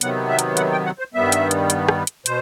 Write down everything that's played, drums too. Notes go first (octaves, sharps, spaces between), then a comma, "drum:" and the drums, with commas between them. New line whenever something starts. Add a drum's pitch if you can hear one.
C3 D#3 F#3 B3 F#5, drum: hi-hat
E5
drum: hi-hat
F#5, drum: hi-hat
G5
F#5
C5
G2 D#3 G3 B3 E5
drum: hi-hat
drum: hi-hat
drum: hi-hat
drum: rim click
drum: hi-hat
B2 C5, drum: hi-hat